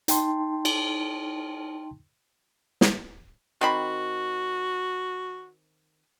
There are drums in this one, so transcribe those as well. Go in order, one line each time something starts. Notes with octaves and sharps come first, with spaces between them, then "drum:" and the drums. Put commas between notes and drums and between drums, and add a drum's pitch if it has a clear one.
D#4 G5 A5 C6, drum: hi-hat
drum: cymbal
drum: snare
D#3 C4 F#4 B5